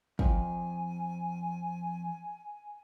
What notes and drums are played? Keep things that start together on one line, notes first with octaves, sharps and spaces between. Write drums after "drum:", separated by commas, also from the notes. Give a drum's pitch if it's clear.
F2 G#5, drum: kick